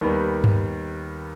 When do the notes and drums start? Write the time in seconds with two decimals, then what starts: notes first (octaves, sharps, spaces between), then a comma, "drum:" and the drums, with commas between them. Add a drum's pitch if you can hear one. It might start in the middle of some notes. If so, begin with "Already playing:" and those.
0.01 D#2 D#3 G3 B3
0.44 drum: tom G2